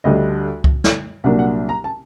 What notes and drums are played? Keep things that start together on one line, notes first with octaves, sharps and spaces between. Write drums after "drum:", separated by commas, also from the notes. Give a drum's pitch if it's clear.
D2 D3 G3 D#5
drum: kick C#2
drum: snare
C2 A#2 F#3 A#3 D4 F#5
F#5
A#5
A5